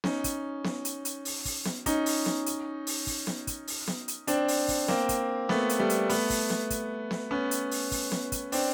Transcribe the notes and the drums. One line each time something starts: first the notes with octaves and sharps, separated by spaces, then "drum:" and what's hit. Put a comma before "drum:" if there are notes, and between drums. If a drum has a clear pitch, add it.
C#4 D#4, drum: snare B3
drum: kick, hi-hat
drum: snare B3
drum: hi-hat
drum: hi-hat
drum: open hi-hat
drum: kick, open hi-hat
drum: snare B3
C#4 D#4, drum: kick, hi-hat
drum: open hi-hat
drum: snare B3
drum: hi-hat
drum: open hi-hat
drum: kick, open hi-hat
drum: snare B3
drum: kick, hi-hat
drum: open hi-hat
drum: snare B3
drum: hi-hat
C4 D4, drum: hi-hat
drum: open hi-hat
drum: kick, open hi-hat
A#3 C4, drum: snare B3
drum: kick, hi-hat
A3 B3, drum: snare B3
drum: hi-hat
G3 A3
drum: hi-hat
A3 B3, drum: open hi-hat
drum: kick, open hi-hat
drum: snare B3
drum: kick, hi-hat
drum: snare B3
B3 C#4
drum: hi-hat
drum: open hi-hat
drum: kick, open hi-hat
drum: snare B3
drum: kick, hi-hat
C4 D4, drum: open hi-hat